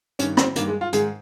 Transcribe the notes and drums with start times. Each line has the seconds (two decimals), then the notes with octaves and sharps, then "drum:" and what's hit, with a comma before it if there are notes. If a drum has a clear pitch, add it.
0.19 G2 D#3 C#4, drum: hi-hat
0.37 C4, drum: rim click
0.56 G2 D#3 A#3, drum: hi-hat
0.68 G#3
0.81 F4
0.93 G#2 D#3 G#4, drum: hi-hat